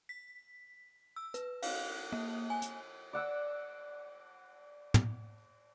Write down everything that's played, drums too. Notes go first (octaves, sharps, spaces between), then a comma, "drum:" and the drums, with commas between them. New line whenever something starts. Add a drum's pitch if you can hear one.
B6
E6
B4, drum: hi-hat
F5, drum: cymbal
A#3
G#5
drum: hi-hat
D5 F#5 E6
drum: tom